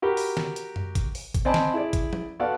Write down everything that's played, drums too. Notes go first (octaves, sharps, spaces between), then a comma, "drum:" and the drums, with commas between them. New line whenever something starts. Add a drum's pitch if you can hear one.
F#4 G4 A#4 B5
drum: open hi-hat
drum: snare
drum: hi-hat
drum: tom F#2
drum: kick, hi-hat
drum: open hi-hat
drum: kick, hi-hat
C4 D5 D#5 G#5 A5 B5
drum: snare
E4 G#4 D5
drum: kick, hi-hat
drum: tom F3
B3 F#4 A4 D5 F5 F#5